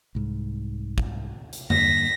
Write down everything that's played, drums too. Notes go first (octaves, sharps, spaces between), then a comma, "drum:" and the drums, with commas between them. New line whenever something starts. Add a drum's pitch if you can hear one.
C2 G#2
drum: kick
drum: hi-hat
G2 D3 A#3 A#6 B6, drum: tom E2